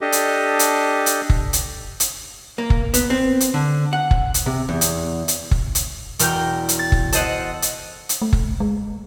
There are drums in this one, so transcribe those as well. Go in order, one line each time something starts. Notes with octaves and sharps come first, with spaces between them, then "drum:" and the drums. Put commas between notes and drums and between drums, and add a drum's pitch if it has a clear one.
D4 G4 A4 D#5
drum: hi-hat
drum: hi-hat
drum: hi-hat
drum: kick F#1
drum: hi-hat
drum: hi-hat
A#3
drum: kick F#1
B3, drum: hi-hat
C4
drum: hi-hat
D3
F#5
drum: kick F#1
drum: hi-hat
C3
E2
drum: hi-hat
drum: hi-hat
drum: kick F#1
drum: hi-hat
E1 A#4 G5 G6, drum: hi-hat
drum: hi-hat
A6
drum: kick F#1
A4 C5 D#5 F#5, drum: hi-hat
drum: hi-hat
drum: hi-hat
A3
drum: kick F#1
G#3